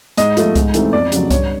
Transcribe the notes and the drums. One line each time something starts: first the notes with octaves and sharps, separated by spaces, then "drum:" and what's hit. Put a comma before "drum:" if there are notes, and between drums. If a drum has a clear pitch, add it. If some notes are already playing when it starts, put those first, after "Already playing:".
G#2 D#5, drum: hi-hat
F3 A3, drum: hi-hat
G#2, drum: kick C2, hi-hat
E3 A3 C4 D#4, drum: hi-hat
F2 D5
C#3 F#3, drum: hi-hat
G2 C#5, drum: kick C2, hi-hat